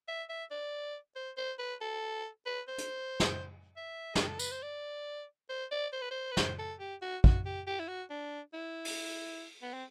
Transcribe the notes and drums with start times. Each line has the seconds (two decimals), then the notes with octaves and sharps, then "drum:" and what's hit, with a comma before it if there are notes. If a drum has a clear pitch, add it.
0.08 E5
0.29 E5
0.51 D5
1.16 C5
1.37 C5
1.59 B4
1.81 A4
2.46 B4
2.68 C5
2.78 drum: hi-hat
3.20 drum: snare
3.76 E5
4.15 G4, drum: snare
4.27 A4
4.39 B4, drum: tambourine
4.51 C5
4.63 D5
5.50 C5
5.71 D5
5.93 C5
6.01 B4
6.11 C5
6.31 B4
6.37 C5, drum: snare
6.59 A4
6.80 G4
7.02 F#4
7.24 F#4, drum: kick
7.46 G4
7.67 G4
7.80 E4
7.88 F#4
8.10 D4
8.54 E4
8.85 drum: open hi-hat
9.62 B3
9.73 C4